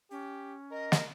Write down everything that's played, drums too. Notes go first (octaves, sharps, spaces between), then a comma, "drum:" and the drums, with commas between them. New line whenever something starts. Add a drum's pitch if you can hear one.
C#4 G4
A#4 D#5
drum: snare